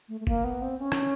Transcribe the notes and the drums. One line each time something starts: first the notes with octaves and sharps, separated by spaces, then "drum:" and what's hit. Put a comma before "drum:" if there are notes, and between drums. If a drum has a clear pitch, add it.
A3
A3
A#3, drum: kick G1
B3
C4
C#4
drum: rim click